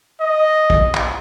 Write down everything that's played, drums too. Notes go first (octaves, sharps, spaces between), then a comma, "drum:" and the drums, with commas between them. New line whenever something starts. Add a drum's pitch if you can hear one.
D#5
drum: kick
drum: clap